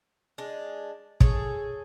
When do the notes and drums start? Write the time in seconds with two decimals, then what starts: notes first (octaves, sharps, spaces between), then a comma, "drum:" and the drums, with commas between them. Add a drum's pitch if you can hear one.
0.38 G#3 D4
1.20 G#4 A4 C#5, drum: kick